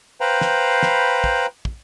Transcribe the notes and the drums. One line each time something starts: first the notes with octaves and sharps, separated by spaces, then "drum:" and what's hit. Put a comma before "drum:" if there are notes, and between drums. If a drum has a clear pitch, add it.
B4 C5 F5 G5 A#5 B5
drum: snare
drum: snare
drum: kick
drum: kick